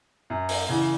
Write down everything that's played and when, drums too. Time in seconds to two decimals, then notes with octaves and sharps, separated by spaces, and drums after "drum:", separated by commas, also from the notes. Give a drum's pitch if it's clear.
0.30 F#2
0.49 drum: open hi-hat
0.69 C#3 E3